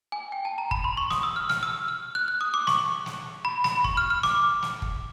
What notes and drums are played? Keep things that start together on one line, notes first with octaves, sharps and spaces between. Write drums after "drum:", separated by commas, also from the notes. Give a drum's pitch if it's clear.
G#5
G5
A5
A#5
B5, drum: kick
C6
C#6
D#6, drum: snare
E6
F6
F6, drum: snare
E6
F6
F#6
F#6
D#6
D6
C#6, drum: snare
drum: snare
B5
B5, drum: snare
C#6, drum: kick
F6
F6
D6, drum: snare
drum: snare
drum: kick